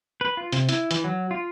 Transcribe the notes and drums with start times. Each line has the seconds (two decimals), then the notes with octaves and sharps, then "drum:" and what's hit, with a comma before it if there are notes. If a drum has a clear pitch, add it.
0.21 B4
0.37 F4
0.52 C3, drum: hi-hat
0.69 E4, drum: hi-hat
0.91 E3, drum: hi-hat
1.04 F#3
1.31 F4